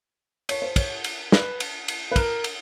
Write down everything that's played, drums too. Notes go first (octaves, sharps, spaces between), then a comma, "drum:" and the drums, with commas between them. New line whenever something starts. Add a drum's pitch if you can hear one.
C#5, drum: cymbal
C5
C#5, drum: kick, cymbal
drum: cymbal
B4, drum: snare
drum: cymbal
drum: cymbal
B4
A#4, drum: kick, cymbal
drum: cymbal